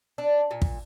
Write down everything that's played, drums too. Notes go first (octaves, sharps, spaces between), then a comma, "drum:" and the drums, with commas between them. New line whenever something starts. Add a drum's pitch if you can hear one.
D4
A#2
drum: kick